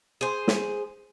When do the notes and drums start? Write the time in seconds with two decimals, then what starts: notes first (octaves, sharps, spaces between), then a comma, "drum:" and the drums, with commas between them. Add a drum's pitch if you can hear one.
0.21 G#4 C5
0.48 drum: snare